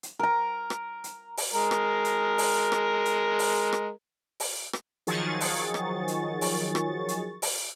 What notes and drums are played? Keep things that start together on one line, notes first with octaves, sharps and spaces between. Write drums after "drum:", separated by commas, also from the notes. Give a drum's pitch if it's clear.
drum: hi-hat
A#4 A#5
drum: rim click
drum: hi-hat
drum: open hi-hat
G#3 A#4
drum: rim click
drum: hi-hat
drum: open hi-hat
drum: rim click
drum: hi-hat
drum: open hi-hat
drum: rim click
drum: open hi-hat
drum: rim click
D#3 F3 F#3 G#4 C#6 A6, drum: hi-hat
drum: open hi-hat
drum: rim click
drum: hi-hat
drum: open hi-hat
drum: rim click
drum: hi-hat
drum: open hi-hat